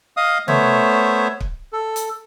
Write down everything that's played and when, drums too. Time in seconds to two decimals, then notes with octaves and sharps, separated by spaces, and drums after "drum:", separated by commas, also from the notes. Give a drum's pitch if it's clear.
0.17 D#5 F5 D#6
0.48 A3 B3 C5 C#5 E5, drum: tom C3
1.40 drum: kick
1.73 A4
1.96 drum: hi-hat